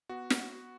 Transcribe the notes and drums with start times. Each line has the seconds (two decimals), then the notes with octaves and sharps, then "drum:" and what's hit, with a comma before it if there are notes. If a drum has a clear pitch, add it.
0.09 B3 F#4
0.30 drum: snare